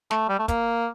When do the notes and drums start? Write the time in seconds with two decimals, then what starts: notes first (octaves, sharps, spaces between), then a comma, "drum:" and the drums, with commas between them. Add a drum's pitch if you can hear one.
0.11 A3, drum: snare
0.29 G3
0.39 A3
0.48 A#3, drum: kick, hi-hat